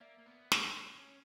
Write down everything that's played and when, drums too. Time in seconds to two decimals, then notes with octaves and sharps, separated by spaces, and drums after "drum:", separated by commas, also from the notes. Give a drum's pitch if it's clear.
0.01 A#3 D5 E5
0.19 A#3
0.26 B3
0.52 C4, drum: snare
0.78 C#4
0.96 C#4